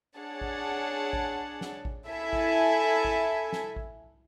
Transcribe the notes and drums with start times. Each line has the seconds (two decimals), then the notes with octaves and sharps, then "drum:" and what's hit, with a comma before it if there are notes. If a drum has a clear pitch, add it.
0.17 D4 G#4 C#5 F#5 A5
0.41 drum: kick A1
1.13 drum: kick A1
1.61 drum: snare
1.85 drum: kick A1
2.09 E4 A4 E5 G#5
2.33 drum: kick A1
3.05 drum: kick A1
3.52 drum: snare
3.76 drum: kick A1